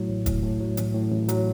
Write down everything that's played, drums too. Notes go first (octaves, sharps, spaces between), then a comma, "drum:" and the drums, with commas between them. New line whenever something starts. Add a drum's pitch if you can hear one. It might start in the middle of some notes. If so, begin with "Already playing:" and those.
Already playing: A2 F#3
A1
A2, drum: kick, hi-hat
A2
F#3
A1, drum: hi-hat
A2
A1
F#3, drum: hi-hat